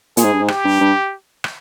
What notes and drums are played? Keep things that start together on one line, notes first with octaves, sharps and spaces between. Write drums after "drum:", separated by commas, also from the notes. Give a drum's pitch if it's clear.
A#2 G#4, drum: hi-hat
G#2
G2
G#2
G4, drum: rim click
G2
G2
drum: rim click